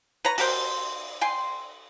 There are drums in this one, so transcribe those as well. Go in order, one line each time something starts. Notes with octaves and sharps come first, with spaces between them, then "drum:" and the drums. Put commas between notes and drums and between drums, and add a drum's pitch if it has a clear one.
B4 C#5 A#5
F#4 G4 A#4 C5, drum: open hi-hat
G5 G#5 C6